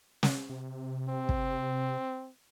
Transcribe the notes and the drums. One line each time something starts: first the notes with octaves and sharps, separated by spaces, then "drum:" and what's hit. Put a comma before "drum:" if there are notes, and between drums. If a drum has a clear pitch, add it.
drum: snare
C3
C4
drum: kick